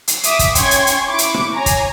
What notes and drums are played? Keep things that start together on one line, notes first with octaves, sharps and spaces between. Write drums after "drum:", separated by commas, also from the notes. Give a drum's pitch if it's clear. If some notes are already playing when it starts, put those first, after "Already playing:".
drum: hi-hat
E5 D6 D#6 D7, drum: hi-hat
drum: kick, hi-hat
C#4 G5 C6 C#6 G#6, drum: kick, hi-hat
drum: hi-hat
drum: hi-hat
E4 C#6 D6
drum: hi-hat
drum: rim click
C#5 G#5 A#5
drum: kick, hi-hat